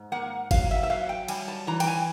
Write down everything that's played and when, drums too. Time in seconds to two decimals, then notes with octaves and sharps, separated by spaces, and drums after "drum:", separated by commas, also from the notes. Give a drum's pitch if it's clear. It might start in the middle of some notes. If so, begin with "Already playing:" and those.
Already playing: G#2
0.12 A#3 F#5
0.51 F#3 F5, drum: kick G1, cymbal
0.71 E5
0.83 E5
0.90 F#3 F5
1.09 G5
1.28 G3 G#5, drum: cymbal
1.48 A5
1.67 E3 A#5
1.80 G5, drum: cymbal
1.87 G#5